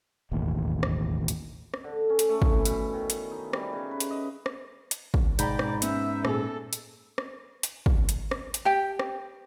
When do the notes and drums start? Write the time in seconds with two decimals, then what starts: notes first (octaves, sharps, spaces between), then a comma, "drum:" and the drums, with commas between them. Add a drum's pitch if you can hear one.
0.31 E1 A1 D#2
0.83 drum: rim click
1.28 drum: hi-hat
1.74 drum: rim click
1.84 D3
2.09 C#4
2.19 drum: hi-hat
2.29 A3
2.42 drum: kick
2.52 E3
2.65 B2, drum: hi-hat
2.93 D#3
3.10 drum: hi-hat
3.31 D#4
3.53 G3, drum: rim click
3.73 C#3
3.91 B4
4.00 drum: hi-hat
4.11 D#5
4.46 drum: rim click
4.91 drum: hi-hat
5.14 drum: kick
5.39 G#2 B2 D5 G5 A#5 B5 G6, drum: hi-hat
5.59 drum: rim click
5.82 B3 C#4 E5, drum: hi-hat
6.25 A#2 G#4 A4, drum: rim click
6.73 drum: hi-hat
7.18 drum: rim click
7.63 drum: hi-hat
7.86 drum: kick
8.09 drum: hi-hat
8.31 drum: rim click
8.54 drum: hi-hat
8.65 G4 G5
8.99 drum: rim click